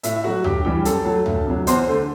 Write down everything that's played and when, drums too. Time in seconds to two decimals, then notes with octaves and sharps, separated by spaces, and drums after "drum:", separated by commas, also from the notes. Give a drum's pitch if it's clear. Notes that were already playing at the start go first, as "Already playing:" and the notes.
0.03 A2 E5, drum: hi-hat
0.16 E5
0.24 F#3 A3 F#4 F#5
0.44 G2 G4 G5, drum: tom
0.65 E3 G3 G4 G5
0.85 F#2 A4 A5, drum: hi-hat
1.05 F#3 A3
1.26 D2, drum: tom
1.47 C3 F#3
1.67 E2 C5 C6, drum: hi-hat
1.87 D3 A3